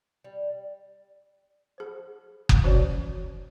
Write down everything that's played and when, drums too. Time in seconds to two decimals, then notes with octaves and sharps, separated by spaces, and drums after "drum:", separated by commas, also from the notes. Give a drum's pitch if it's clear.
0.24 G3
1.78 G#4 C5
2.49 drum: kick F#1
2.64 E3 C#4 F#4 C#5 D5